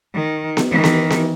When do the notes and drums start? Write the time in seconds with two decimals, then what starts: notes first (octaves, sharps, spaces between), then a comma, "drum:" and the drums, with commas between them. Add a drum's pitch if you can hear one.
0.14 D#3
0.57 drum: snare B3
0.70 D#3 E3
0.84 drum: snare B3
1.10 drum: snare B3